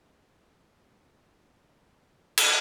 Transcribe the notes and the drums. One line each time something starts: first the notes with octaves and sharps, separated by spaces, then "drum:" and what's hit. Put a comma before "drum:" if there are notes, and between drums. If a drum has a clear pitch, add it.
A#4
A#5
drum: cymbal